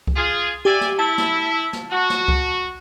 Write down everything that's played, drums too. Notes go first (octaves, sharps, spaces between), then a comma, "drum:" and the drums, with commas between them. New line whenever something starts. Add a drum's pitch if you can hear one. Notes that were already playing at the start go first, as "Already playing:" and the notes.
drum: kick C2
F4 G#4
G4 D5 E5 G#5
drum: snare
E4 A5
drum: snare
drum: snare
F#4
drum: snare
drum: kick C2